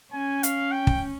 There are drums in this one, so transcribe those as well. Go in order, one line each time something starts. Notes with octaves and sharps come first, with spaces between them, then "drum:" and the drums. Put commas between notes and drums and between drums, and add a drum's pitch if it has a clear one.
C#4 G#5
F5, drum: hi-hat
G5
drum: kick